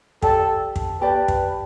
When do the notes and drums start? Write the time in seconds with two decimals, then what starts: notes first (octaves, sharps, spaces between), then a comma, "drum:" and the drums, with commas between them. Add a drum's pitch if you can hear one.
0.22 G4 A4 D5 A5, drum: kick
0.76 drum: kick
1.01 G4 B4 D5 A5
1.28 drum: kick